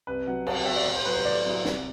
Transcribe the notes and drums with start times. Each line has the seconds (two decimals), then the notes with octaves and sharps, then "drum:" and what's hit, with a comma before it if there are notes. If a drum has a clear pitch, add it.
0.07 C2 B4
0.27 B2 F#3 F#5
0.47 C2 A5, drum: cymbal
0.57 G5
0.66 B2 F#3 E5
0.76 D5
0.86 A2
0.96 C5
1.05 F#3 B3 E4 B4
1.16 C5
1.25 A2 D5
1.45 F#3 B3 E4
1.65 C2, drum: snare